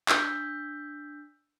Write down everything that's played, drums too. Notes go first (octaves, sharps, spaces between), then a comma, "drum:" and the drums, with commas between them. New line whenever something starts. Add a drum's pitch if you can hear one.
D4 E6 G6 B6, drum: clap